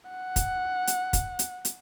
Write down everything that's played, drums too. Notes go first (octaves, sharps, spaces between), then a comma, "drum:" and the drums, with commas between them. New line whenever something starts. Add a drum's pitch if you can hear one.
F#5
drum: kick, hi-hat
drum: hi-hat
drum: kick, hi-hat
drum: hi-hat
drum: hi-hat